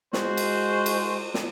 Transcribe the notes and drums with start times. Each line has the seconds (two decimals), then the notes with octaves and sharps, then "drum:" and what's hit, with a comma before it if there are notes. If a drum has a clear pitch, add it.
0.13 G#3 F#4 C5, drum: snare
0.37 drum: cymbal
0.86 drum: cymbal
1.34 drum: snare